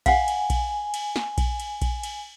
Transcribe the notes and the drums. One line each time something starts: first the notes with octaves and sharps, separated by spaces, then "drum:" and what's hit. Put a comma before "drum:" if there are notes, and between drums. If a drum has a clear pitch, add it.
F5 F#5 G#5, drum: kick A#1, cymbal
drum: cymbal
drum: kick A#1, cymbal
drum: cymbal
drum: snare
drum: kick A#1, cymbal
drum: cymbal
drum: kick A#1, cymbal
drum: cymbal